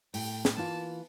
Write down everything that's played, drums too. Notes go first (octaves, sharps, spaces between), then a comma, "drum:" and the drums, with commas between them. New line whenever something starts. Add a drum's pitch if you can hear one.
A2 G5, drum: open hi-hat
drum: snare
E3 A#3 F4 A5